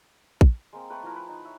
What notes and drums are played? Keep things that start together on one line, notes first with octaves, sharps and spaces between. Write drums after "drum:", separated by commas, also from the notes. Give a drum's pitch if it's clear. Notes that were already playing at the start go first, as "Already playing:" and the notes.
drum: kick
G#3 A#3 C4
A3 B4 G5
F3 E4 A#4
B4
D#4
C#5 E5